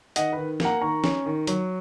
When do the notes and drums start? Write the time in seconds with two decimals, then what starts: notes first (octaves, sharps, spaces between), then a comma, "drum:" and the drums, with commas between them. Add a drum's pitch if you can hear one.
0.16 D#3 D#5 F#5, drum: hi-hat
0.33 D#3 B4
0.60 A#3 F#5 A#5, drum: snare
0.81 D#3 A#5 C#6
1.04 C#4, drum: snare
1.26 D#3
1.47 F#3, drum: hi-hat